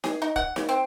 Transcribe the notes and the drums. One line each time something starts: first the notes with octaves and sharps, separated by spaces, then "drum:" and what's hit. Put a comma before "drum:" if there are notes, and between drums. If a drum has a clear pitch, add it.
G#4, drum: snare D#4
D#4
F#5, drum: kick
C#3, drum: snare D#4
C4